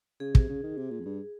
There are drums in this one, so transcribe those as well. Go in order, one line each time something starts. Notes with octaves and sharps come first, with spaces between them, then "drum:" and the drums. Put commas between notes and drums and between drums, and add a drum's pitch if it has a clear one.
C#3 G#4
C3, drum: kick
C#3
D#3
C3
A#2
F2
G2